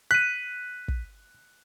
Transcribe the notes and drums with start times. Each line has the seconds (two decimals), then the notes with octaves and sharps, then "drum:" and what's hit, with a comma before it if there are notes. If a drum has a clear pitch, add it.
0.11 F#6 B6 D#7
0.88 drum: kick